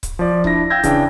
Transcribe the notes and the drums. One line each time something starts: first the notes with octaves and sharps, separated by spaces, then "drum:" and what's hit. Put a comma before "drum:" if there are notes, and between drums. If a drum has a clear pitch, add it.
drum: kick C#1, hi-hat
F3 D5
D4 E4 A#6, drum: kick C#1
F5 G5 E6 G6 G#6 A#6
C#3 E3 D4 G5, drum: kick C#1, hi-hat